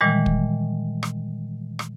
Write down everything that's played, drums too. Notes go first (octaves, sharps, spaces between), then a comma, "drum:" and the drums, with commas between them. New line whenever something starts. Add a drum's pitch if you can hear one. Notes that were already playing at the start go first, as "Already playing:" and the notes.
A#2 D#3 E3 G3 G#3
drum: kick
drum: rim click
drum: rim click